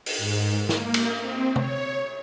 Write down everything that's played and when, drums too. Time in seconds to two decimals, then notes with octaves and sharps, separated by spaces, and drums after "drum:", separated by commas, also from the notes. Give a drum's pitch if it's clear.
0.06 drum: open hi-hat
0.18 G#2
0.69 A#3, drum: snare
0.94 drum: cymbal
1.21 C4
1.56 C#5, drum: tom